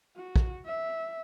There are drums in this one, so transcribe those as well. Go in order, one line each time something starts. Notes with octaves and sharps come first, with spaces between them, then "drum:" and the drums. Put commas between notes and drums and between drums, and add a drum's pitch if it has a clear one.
F#4
drum: kick
E5